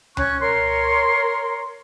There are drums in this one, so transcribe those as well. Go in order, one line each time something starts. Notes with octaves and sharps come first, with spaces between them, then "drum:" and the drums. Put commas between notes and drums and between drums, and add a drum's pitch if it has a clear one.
C#4 C#6 F#6, drum: tom C#2
A#4 C#5 C6